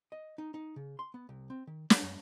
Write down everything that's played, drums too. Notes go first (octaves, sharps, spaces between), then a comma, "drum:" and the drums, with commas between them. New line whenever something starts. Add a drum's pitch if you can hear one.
D#5
D#4
D#4
C#3
C6
B3
C2
C4
D#3
D4, drum: snare
F#2